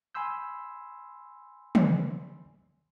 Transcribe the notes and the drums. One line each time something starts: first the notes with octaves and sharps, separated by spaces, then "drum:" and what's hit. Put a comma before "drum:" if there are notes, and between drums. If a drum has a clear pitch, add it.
G#5 B5 C6 E6 G6
drum: tom